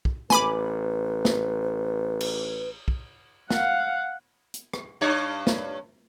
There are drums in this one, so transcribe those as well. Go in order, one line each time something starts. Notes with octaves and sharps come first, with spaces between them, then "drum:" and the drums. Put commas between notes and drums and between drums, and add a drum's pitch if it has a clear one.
drum: kick
A1 B4 G#5 B5 D6, drum: snare
drum: snare
drum: cymbal
drum: kick
F5 F#5, drum: snare
drum: hi-hat
drum: rim click
G2 D4 C#5
drum: snare